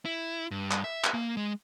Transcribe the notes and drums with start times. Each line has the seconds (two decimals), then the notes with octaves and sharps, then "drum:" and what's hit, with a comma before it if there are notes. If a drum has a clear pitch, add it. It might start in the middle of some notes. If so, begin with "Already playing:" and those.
0.05 E4
0.51 G2
0.71 drum: clap
0.84 E5
1.04 drum: clap
1.14 A#3
1.37 G#3